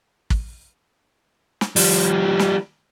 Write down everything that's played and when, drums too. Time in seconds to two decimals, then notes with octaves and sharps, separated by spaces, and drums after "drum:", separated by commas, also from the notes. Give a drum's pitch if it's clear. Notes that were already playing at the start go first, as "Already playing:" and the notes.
0.30 drum: kick
1.61 drum: snare
1.76 F3 G3, drum: open hi-hat
2.39 drum: snare